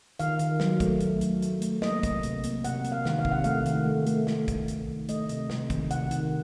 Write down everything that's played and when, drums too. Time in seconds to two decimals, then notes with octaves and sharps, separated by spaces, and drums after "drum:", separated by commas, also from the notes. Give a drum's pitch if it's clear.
0.19 D#3 F5, drum: hi-hat
0.39 D#3, drum: hi-hat
0.60 F#3, drum: snare
0.80 A3, drum: kick, hi-hat
1.00 A3, drum: hi-hat
1.21 F#3, drum: hi-hat
1.42 A3, drum: hi-hat
1.62 A3, drum: hi-hat
1.82 A#3 D#5, drum: snare
2.03 C3, drum: kick, hi-hat
2.23 C3, drum: hi-hat
2.44 A#3, drum: hi-hat
2.64 C3 F#5, drum: hi-hat
2.84 A#3, drum: hi-hat
2.92 F5
3.05 D#3, drum: snare
3.19 F5
3.25 C3, drum: kick
3.32 F#5
3.44 A3 F5, drum: hi-hat
3.66 D#3, drum: hi-hat
3.86 A3
4.07 A3, drum: hi-hat
4.27 A3, drum: snare
4.48 A3, drum: kick, hi-hat
4.68 A3, drum: hi-hat
4.88 D#3
5.09 A3 D#5, drum: hi-hat
5.29 C3, drum: hi-hat
5.50 C3, drum: snare
5.70 D#3, drum: kick, hi-hat
5.91 C3 F#5, drum: hi-hat
6.11 D#3, drum: hi-hat